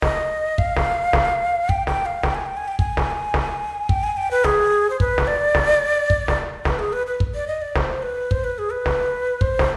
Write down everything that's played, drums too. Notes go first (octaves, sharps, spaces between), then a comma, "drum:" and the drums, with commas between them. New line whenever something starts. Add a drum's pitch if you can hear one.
D#5, drum: snare
F5, drum: kick
drum: snare
drum: snare
G5, drum: kick
G5, drum: snare
F5
G5, drum: snare
G#5
G5
G#5
G5
G#5, drum: kick
drum: snare
drum: snare
G5, drum: kick
G#5
G5
B4
G#4, drum: snare
C5
B4, drum: kick
drum: snare
D5
drum: snare
drum: kick
drum: snare
B4, drum: snare
G#4
B4
B4
drum: kick
D5
D#5
D5
C5, drum: snare
B4
C5, drum: kick
B4
G#4
B4
drum: snare
C5, drum: kick
drum: snare